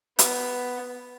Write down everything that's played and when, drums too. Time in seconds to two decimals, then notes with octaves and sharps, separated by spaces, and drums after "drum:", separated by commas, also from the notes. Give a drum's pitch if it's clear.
0.19 B3, drum: hi-hat